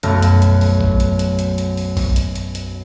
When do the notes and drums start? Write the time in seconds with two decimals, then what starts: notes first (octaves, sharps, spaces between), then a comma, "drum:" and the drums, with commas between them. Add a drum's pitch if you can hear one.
0.03 B1 F#2 A3 F6 A#6, drum: hi-hat
0.22 drum: hi-hat
0.42 drum: hi-hat
0.61 drum: open hi-hat
0.81 drum: kick A#1
1.00 drum: hi-hat
1.19 drum: hi-hat
1.39 drum: hi-hat
1.58 drum: hi-hat
1.77 drum: open hi-hat
1.97 drum: kick A#1, open hi-hat
2.16 drum: hi-hat
2.36 drum: hi-hat
2.55 drum: hi-hat